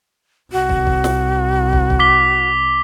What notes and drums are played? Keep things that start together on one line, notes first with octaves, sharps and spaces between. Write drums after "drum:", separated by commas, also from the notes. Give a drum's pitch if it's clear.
C2 F#4
drum: kick
drum: kick
drum: snare
drum: kick
drum: kick
D6 B6 G7